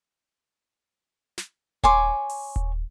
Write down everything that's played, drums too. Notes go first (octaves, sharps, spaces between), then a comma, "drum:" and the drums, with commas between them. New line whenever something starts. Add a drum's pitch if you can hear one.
drum: snare
C#5 G#5 C6 D6, drum: kick D#1
drum: open hi-hat
drum: kick D#1